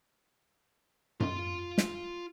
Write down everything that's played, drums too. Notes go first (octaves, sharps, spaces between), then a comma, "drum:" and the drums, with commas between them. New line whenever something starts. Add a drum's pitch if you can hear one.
F4 C6, drum: tom F#2
drum: snare